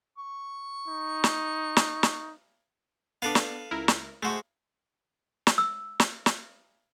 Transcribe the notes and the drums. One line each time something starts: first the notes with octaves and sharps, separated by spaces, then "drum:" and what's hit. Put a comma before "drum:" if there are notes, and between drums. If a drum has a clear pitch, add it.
C#6
D#4
drum: snare
drum: snare
drum: snare
B3 D4 A4 B4 F5
drum: snare
C#2 E4 A#4
drum: snare
G#3 A3 F#4 C5
drum: snare
E6
drum: snare
drum: snare